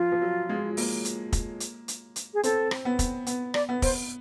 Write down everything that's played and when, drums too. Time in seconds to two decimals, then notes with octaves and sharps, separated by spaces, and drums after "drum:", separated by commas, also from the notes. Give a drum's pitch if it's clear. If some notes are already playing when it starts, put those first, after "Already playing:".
Already playing: F3 F4
0.12 F3
0.21 F#3
0.49 G#3
0.77 A#3, drum: open hi-hat
1.05 drum: hi-hat
1.33 drum: kick, hi-hat
1.60 drum: hi-hat
1.88 drum: hi-hat
2.16 drum: hi-hat
2.34 G#4
2.43 C4 A4, drum: hi-hat
2.71 drum: rim click
2.85 B3
2.99 drum: kick, hi-hat
3.26 B3, drum: hi-hat
3.54 D5, drum: rim click
3.69 B3
3.82 C5, drum: kick, open hi-hat